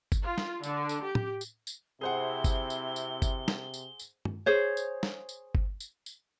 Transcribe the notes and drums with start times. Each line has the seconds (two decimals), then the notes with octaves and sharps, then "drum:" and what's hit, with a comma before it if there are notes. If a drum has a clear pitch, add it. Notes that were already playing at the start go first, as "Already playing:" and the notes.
0.12 drum: kick G1, tambourine
0.23 F4
0.38 drum: snare
0.64 D3, drum: tambourine
0.89 drum: tambourine
1.04 G4
1.15 drum: tom
1.41 drum: tambourine
1.67 drum: tambourine
2.01 C3 C4 E4 G#4 C5 F#5 G7
2.44 drum: kick G1, tambourine
2.70 drum: tambourine
2.96 drum: tambourine
3.22 drum: kick G1, tambourine
3.48 drum: snare
3.74 drum: tambourine
4.00 drum: tambourine
4.25 drum: tom
4.46 G#4 C5 C#5
4.77 drum: tambourine
5.03 drum: snare
5.29 drum: tambourine
5.55 drum: kick G1
5.80 drum: tambourine
6.06 drum: tambourine